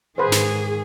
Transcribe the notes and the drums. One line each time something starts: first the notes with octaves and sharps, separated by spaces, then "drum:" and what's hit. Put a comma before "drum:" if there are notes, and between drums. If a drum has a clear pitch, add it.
G#2 D#3 G#4 B4 C5
drum: snare